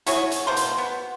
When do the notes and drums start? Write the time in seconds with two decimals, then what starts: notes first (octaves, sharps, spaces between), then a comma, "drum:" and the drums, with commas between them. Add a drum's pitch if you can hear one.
0.06 E4 F#4 G#4 C#5, drum: hi-hat
0.31 drum: hi-hat
0.47 B2 A#3 C5 C6
0.56 drum: hi-hat
0.78 B3